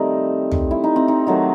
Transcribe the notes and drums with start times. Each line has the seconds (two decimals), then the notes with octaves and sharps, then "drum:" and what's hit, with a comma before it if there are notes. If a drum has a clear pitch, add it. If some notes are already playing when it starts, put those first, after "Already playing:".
Already playing: D#3 G3 A3 C4 D#4
0.52 drum: tom
0.71 E4
0.84 D#4
0.96 C4
1.08 D#4
1.27 D#3 F#3 A3